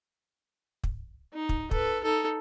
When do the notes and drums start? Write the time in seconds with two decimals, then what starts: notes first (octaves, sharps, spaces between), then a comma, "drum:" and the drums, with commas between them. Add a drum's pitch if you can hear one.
0.84 drum: kick
1.34 D#4
1.49 drum: kick
1.71 A4 B4, drum: kick
2.03 D#4 A4